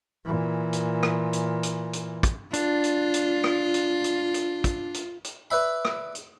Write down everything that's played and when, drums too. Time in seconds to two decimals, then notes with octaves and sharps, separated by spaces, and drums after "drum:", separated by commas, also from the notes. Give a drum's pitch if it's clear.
0.25 A#2 E3
0.73 drum: hi-hat
1.03 drum: rim click
1.33 drum: hi-hat
1.63 drum: hi-hat
1.93 drum: hi-hat
2.23 drum: kick, hi-hat
2.53 D4 F4, drum: hi-hat
2.84 drum: hi-hat
3.14 drum: hi-hat
3.44 drum: rim click
3.74 drum: hi-hat
4.04 drum: hi-hat
4.34 drum: hi-hat
4.64 drum: kick, hi-hat
4.94 drum: hi-hat
5.24 drum: hi-hat
5.51 B4 D5 E5 B5
5.85 drum: rim click
6.15 drum: hi-hat